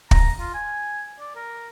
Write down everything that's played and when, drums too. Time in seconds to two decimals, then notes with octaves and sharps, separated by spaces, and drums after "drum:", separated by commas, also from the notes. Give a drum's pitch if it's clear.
0.11 A#5, drum: kick
0.40 F4
0.54 G#5
1.20 D5
1.36 A#4